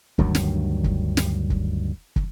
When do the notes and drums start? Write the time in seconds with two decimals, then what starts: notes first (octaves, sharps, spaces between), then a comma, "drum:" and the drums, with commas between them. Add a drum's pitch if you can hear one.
0.18 D2 G2 D#3 F#3, drum: kick
0.35 drum: snare
0.84 drum: kick
1.17 drum: snare
1.50 drum: kick
2.16 drum: kick